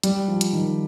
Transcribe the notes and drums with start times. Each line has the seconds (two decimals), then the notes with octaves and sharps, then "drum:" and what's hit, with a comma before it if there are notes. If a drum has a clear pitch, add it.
0.03 G3, drum: hi-hat
0.28 F3
0.41 drum: hi-hat
0.53 D#3